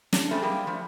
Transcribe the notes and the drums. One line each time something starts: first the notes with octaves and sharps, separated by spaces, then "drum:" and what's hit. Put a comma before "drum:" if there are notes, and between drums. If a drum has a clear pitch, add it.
D4 C#5, drum: snare
F3 G3 A3 C4 C#4
G3 A#3 G4 G#4
F3 A3